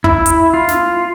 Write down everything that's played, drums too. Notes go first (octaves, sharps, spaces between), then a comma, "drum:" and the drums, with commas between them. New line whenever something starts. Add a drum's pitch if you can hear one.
E4, drum: kick
drum: hi-hat
F4
drum: snare